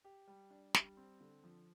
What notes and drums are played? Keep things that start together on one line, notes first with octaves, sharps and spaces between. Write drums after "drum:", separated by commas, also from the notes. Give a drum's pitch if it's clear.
G4
G3
D4
G3, drum: snare
C4
D3
F3